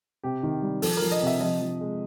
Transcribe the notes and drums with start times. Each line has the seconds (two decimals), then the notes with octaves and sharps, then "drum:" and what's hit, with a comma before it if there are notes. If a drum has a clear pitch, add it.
0.23 C3 G4
0.43 D#3
0.62 G3
0.82 F3 A4, drum: open hi-hat
0.97 A#4
1.02 F3
1.12 D#5
1.22 C3 E5
1.41 F3 D#5
1.61 F3
1.81 G#3